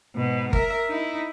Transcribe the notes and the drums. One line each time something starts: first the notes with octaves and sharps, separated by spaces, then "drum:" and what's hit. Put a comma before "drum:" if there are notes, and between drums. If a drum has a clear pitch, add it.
G#2 B2
A#4 E5, drum: kick G1
D#4 E4